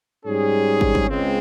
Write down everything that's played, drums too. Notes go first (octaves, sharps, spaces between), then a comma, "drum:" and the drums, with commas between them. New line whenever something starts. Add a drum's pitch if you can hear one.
G#2 G3 C#4 G#4
drum: kick
drum: kick
C#2 C#3 G#3 C4